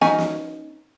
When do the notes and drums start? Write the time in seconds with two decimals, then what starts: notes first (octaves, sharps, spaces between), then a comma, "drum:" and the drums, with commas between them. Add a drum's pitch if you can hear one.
0.01 C#4 D#4 G#5, drum: snare
0.18 drum: snare